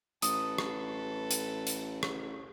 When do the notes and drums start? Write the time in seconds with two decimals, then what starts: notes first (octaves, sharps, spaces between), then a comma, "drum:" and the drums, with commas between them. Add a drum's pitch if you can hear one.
0.22 A1 A4 B4 D#6, drum: hi-hat
0.58 drum: rim click
1.31 drum: hi-hat
1.67 drum: hi-hat
2.03 drum: rim click